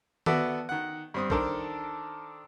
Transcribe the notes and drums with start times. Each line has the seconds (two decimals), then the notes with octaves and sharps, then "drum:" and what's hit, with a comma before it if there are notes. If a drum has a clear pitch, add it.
0.26 B3 F#4 A4 D5 E5, drum: tom D#3
0.69 D#3 F#5
1.14 G2 C4 D#6
1.30 D#3 D4 A4 A#4 C5, drum: kick